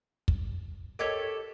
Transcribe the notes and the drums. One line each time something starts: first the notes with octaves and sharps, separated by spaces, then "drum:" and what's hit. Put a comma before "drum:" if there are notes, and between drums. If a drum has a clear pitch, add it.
drum: kick
G4 A4 A#4 C#5 D#5 G#6